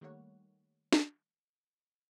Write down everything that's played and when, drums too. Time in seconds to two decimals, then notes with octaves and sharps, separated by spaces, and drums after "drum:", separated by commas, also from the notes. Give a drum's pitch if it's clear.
0.01 D#3 G3 A3 A#3 C#5 F#5
0.93 drum: snare